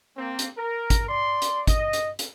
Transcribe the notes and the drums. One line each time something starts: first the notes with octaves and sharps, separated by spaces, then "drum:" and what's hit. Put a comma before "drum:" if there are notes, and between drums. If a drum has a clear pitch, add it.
A#3 C4
drum: hi-hat
A#4
drum: kick G#1, hi-hat
D5 C6
drum: hi-hat
D#5, drum: kick G#1, hi-hat
drum: hi-hat
drum: hi-hat